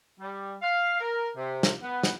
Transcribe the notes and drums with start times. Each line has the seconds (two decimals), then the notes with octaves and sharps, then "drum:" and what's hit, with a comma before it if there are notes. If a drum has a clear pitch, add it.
0.20 G3
0.62 F5
1.00 A#4
1.37 C3
1.63 drum: snare
1.81 B3
2.03 drum: snare